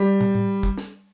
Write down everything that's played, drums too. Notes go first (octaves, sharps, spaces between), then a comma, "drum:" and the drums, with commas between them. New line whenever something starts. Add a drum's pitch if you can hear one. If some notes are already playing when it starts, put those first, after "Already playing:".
Already playing: G3
drum: tom
drum: tom A2
drum: kick
drum: snare